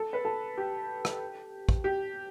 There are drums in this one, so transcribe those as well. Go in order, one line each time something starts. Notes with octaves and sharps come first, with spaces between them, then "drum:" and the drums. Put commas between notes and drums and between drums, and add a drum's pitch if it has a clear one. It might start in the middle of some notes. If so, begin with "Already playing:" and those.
Already playing: A4
B4
A4
G4
drum: rim click
drum: kick
G4